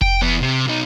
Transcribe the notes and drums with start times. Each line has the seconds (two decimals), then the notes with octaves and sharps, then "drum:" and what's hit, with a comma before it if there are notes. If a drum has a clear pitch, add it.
0.01 G5, drum: kick F1
0.22 E2 B3
0.42 C3
0.66 B1 D#4